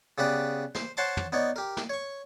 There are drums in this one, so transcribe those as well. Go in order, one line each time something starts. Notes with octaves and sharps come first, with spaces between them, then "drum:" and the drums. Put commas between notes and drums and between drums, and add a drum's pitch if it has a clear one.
C#3 B3 G4 B4 D5 D#6
C5, drum: snare
C5 C#5 F#5 A5 C6 D6
drum: tom
B3 D#4 C#5 D5
G4 A#4
drum: snare
C#5 C#6